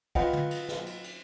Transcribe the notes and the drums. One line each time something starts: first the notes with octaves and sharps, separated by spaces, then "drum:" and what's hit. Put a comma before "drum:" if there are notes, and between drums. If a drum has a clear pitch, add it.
F4 B4 D#5 F#5 G5, drum: kick C2, cymbal
drum: tom
drum: cymbal
drum: snare
drum: cymbal
drum: cymbal